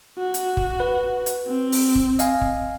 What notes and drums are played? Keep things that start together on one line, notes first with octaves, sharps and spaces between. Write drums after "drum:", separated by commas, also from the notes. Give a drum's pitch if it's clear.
F#4
drum: hi-hat
drum: kick
B4
drum: hi-hat
C4
drum: open hi-hat
drum: kick
D#5 F5 G#5, drum: hi-hat
drum: kick